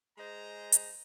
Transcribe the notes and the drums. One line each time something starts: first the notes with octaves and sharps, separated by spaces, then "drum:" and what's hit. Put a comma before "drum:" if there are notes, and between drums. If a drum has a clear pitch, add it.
G#3 G#4 C5 D#5 A#5
drum: hi-hat